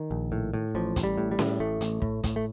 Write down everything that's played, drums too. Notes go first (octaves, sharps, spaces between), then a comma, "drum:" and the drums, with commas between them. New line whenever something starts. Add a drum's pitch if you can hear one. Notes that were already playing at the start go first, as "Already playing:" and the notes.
Already playing: D#3
A#1
A2
A2
A1 F3
A1, drum: kick, hi-hat
G3
A2
G3
A2, drum: snare C#4
A1 A3
A1, drum: hi-hat
A2, drum: kick
A2, drum: kick, hi-hat
A3